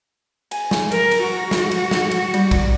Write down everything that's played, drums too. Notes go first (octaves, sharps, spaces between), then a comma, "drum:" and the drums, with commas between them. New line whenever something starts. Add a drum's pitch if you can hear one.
G#5, drum: cymbal
drum: snare
A#4, drum: cymbal
drum: cymbal
F#4
drum: snare
drum: cymbal
drum: snare
drum: cymbal
G3, drum: cymbal
drum: kick A#1, cymbal